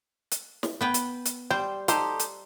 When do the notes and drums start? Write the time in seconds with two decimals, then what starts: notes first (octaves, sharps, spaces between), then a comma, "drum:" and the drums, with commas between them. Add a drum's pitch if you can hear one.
0.32 drum: hi-hat
0.63 drum: snare
0.81 B3 B4 G5
0.94 drum: hi-hat
1.26 drum: hi-hat
1.51 G3 C5 G5
1.88 D#4 G4 A4 C5, drum: hi-hat
2.20 drum: hi-hat